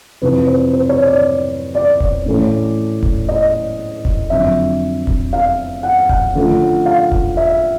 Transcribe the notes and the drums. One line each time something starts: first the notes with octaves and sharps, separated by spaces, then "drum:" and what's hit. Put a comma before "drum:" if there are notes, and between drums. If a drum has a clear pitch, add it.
F2 C3 E3 B4
C5
C5
C#5
D5
D5
drum: kick E1
A2 E3 A3 C#4
drum: kick E1
D#5
drum: kick E1
F2 D3 F#3 E5
drum: kick E1
F5
F#5
drum: kick E1
D3 F3 A3 C#4
F5
drum: kick E1
E5